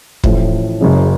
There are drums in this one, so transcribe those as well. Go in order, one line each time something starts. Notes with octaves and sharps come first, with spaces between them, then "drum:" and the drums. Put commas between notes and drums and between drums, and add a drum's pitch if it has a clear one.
A1 A2 F3, drum: kick
F#1 F#2 C#3